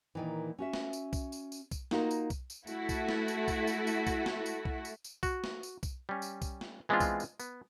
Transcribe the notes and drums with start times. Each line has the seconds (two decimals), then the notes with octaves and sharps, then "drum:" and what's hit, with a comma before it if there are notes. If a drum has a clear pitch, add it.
0.15 A#2 D#3 E3
0.58 C#4 F#4 E5
0.73 drum: snare
0.93 drum: tambourine
1.13 drum: kick B1, tambourine
1.32 drum: tambourine
1.52 drum: tambourine
1.71 drum: kick B1, tambourine
1.91 A#3 D#4 F4 F#4 A#4, drum: snare
2.11 drum: tambourine
2.30 drum: kick B1, tambourine
2.50 drum: tambourine
2.67 A3 E4 F#4, drum: tambourine
2.89 drum: kick B1, tambourine
3.09 drum: snare
3.28 drum: tambourine
3.48 drum: kick B1, tambourine
3.67 drum: tambourine
3.87 drum: tambourine
4.07 drum: kick B1, tambourine
4.26 drum: snare
4.46 drum: tambourine
4.65 drum: kick B1
4.85 drum: tambourine
5.04 drum: tambourine
5.23 F#4, drum: kick B1, tambourine
5.44 drum: snare
5.63 drum: tambourine
5.83 drum: kick B1, tambourine
6.09 G3 C#4
6.22 drum: tambourine
6.42 drum: kick B1, tambourine
6.61 drum: snare
6.89 E3 G#3 B3 C4 D4 F4
7.00 drum: kick B1, tambourine
7.20 drum: tambourine
7.40 B3, drum: tambourine